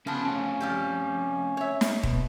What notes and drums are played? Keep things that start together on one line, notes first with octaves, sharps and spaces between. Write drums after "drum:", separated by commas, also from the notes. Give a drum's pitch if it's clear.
C#3 F3 B3 C#4 A5
A3 C4 C#4
F3 G3 G4
C#5 E5
drum: snare
B2, drum: kick D#1